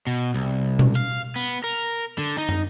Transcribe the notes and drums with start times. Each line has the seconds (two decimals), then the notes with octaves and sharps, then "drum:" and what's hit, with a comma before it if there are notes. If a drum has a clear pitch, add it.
0.07 B2
0.34 C2
0.79 drum: tom B2
0.95 F5
1.36 B3, drum: tambourine
1.64 A#4
2.18 D3
2.38 D#4
2.49 drum: tom